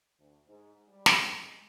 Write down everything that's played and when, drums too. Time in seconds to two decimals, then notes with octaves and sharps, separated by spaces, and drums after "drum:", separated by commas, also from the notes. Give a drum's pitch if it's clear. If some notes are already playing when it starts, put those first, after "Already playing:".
0.19 D2
0.48 G#2
0.88 G3
1.06 drum: snare
1.26 G#3